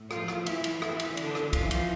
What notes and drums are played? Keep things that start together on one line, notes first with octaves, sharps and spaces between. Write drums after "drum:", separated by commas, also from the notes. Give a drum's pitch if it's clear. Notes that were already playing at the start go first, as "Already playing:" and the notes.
Already playing: A2
F3 F4, drum: rim click
drum: rim click
E3 E4, drum: cymbal
drum: cymbal
E3 E4, drum: rim click
drum: cymbal
D3 D4, drum: cymbal
drum: rim click
F2 E3 F3 F4, drum: kick, cymbal
drum: cymbal